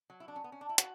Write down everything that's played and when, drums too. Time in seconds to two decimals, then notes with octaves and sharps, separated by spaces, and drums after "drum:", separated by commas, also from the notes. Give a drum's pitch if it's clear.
0.10 F#3
0.20 E4
0.28 D4
0.36 C#4
0.44 B3
0.52 C#4
0.61 D4
0.69 E4
0.78 F#4, drum: hi-hat